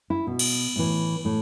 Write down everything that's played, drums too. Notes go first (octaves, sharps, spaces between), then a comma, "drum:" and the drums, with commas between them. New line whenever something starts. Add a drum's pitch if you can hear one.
E4
B2
drum: cymbal
A2 E3
A2